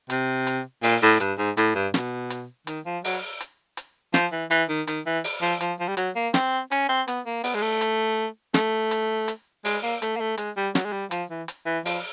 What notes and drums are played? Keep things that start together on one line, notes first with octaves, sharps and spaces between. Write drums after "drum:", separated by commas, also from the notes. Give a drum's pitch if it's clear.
C3, drum: hi-hat
drum: hi-hat
A#2, drum: open hi-hat
A2
G2, drum: hi-hat
G#2
A2, drum: hi-hat
G2
B2, drum: snare
drum: hi-hat
D#3, drum: hi-hat
F3
F#3, drum: open hi-hat
drum: hi-hat
drum: hi-hat
F3, drum: snare
E3
E3, drum: hi-hat
D#3
D#3, drum: hi-hat
E3
drum: open hi-hat
F3
F3, drum: hi-hat
F3
G3
F#3, drum: hi-hat
A#3
C4, drum: snare
C#4, drum: hi-hat
C4
B3, drum: hi-hat
A#3
B3, drum: open hi-hat
G#3
A3
drum: hi-hat
A3, drum: snare
drum: hi-hat
drum: hi-hat
G#3, drum: open hi-hat
A#3
A3, drum: hi-hat
A#3
A3
G#3, drum: hi-hat
G3
F#3, drum: snare
G#3
G3
F3, drum: hi-hat
E3
drum: hi-hat
E3
F3, drum: open hi-hat